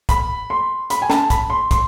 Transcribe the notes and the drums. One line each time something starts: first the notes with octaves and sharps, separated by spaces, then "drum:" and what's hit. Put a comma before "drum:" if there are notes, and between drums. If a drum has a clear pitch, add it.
B5, drum: kick, hi-hat
C6
B5, drum: hi-hat
G#5
A5, drum: snare
B5, drum: kick, hi-hat
C6
C6, drum: kick, hi-hat